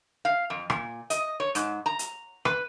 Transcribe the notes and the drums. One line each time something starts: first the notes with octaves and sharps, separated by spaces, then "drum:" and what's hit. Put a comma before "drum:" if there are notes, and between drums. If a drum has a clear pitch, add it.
F5
F2
A#2, drum: rim click
D#5, drum: hi-hat
C#5
G#2, drum: hi-hat
A#5
drum: hi-hat
B4, drum: rim click